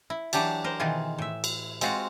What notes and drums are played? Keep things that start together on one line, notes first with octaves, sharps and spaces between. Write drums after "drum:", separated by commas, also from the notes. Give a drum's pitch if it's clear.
E4
E3 F#3 D4 G4 A5, drum: cymbal
A#4 C5
B2 D#3 E3 F4 G#4
A2 E5
drum: cymbal
G#3 C4 F4 F#4, drum: cymbal